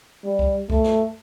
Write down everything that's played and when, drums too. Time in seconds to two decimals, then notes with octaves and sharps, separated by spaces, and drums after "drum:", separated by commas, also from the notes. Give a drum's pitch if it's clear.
0.24 G3
0.39 drum: kick C2
0.70 A3, drum: kick C2
0.84 drum: snare